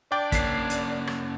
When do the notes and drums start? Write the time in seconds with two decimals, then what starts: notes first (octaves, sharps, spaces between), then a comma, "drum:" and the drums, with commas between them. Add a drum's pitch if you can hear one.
0.12 D4 D5 G5
0.32 C#3 A#3 C#4 B6 C7, drum: kick, hi-hat
0.70 drum: hi-hat
1.07 drum: rim click